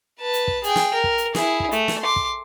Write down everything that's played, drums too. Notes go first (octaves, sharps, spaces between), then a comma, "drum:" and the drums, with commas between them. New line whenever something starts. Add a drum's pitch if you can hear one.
B4 A5
drum: hi-hat
drum: kick
G#4 G5, drum: hi-hat
drum: snare
A#4
drum: kick
drum: hi-hat
E4 G#4, drum: snare
drum: kick
A3, drum: hi-hat
drum: snare
C6 D6
drum: kick